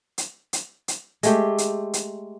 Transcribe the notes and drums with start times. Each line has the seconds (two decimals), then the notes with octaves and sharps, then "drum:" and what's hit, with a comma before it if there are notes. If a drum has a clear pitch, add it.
0.18 drum: hi-hat
0.53 drum: hi-hat
0.88 drum: hi-hat
1.23 G#3 A3 G4, drum: hi-hat
1.58 drum: hi-hat
1.93 drum: hi-hat